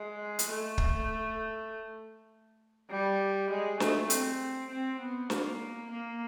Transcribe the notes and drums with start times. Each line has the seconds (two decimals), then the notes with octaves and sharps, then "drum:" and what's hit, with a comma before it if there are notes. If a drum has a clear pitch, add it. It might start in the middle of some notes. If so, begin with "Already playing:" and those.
Already playing: G#3
0.39 drum: hi-hat
0.50 A3
0.78 drum: kick
2.90 G3
3.50 G#3
3.80 A3, drum: snare
4.10 C4, drum: hi-hat
4.70 C4
5.00 B3
5.30 A#3, drum: snare
5.91 A#3